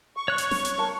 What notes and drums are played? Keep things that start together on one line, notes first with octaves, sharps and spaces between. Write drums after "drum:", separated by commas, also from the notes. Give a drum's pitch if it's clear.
C#6
C#5 F#6
drum: hi-hat
drum: snare
drum: hi-hat
A#4 A5